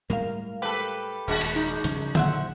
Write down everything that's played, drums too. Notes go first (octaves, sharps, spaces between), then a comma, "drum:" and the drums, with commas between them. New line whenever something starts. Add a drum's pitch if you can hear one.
A2 G3 G#3 A#4 F5
G4 A4 B4
D#1 G#3 D4 F#4
drum: cymbal
D#4 A#4 G6
C#3 F3 G3, drum: hi-hat
A#1 F#3 C5 E5 F#5, drum: tom D3